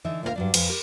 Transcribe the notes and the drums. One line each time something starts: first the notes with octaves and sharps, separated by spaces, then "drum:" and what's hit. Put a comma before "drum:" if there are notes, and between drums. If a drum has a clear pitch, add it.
D3 E3 D#4 E5
D2 A#2 A#3 C4 A#4 F5
G2 F#3 D4
F2 B4 F5 G#5, drum: cymbal
G4 A#4